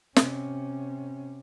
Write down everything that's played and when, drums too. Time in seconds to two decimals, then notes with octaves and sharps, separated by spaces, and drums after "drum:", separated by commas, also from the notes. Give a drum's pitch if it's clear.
0.16 C3 C#4, drum: snare